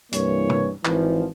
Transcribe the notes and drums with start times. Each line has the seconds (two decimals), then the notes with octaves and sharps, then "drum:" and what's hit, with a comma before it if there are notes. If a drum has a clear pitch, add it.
0.12 C2 G2 E3 A#3 C#5, drum: hi-hat
0.50 drum: tom C3
0.85 G#1 E3 F3, drum: clap